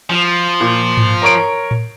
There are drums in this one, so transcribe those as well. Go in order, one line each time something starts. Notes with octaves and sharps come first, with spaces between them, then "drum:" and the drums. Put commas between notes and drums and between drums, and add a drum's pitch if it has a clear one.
F3
A#2
drum: tom G#2
A#4 C#5 D7
drum: tom A2